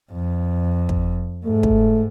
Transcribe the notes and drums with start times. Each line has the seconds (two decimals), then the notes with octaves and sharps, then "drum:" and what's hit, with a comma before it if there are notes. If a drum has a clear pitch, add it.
0.12 F2
0.89 drum: kick
1.45 G#2 A3
1.63 drum: kick